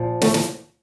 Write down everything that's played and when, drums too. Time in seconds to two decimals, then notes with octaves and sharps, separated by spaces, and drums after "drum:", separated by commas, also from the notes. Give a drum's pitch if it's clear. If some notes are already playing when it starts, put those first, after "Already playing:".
Already playing: A#2 F3
0.22 A3, drum: snare
0.34 drum: snare